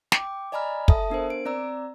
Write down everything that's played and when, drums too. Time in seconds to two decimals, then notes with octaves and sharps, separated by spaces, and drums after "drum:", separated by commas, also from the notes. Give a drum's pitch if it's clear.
0.12 G5 D6, drum: snare
0.52 D5 D#5 G#5 A#5 B5 F6
0.88 A4 E5 A5 D#6, drum: kick
1.10 B3 D4 A#4 C5
1.30 D7
1.45 C4 D5 A#5 E6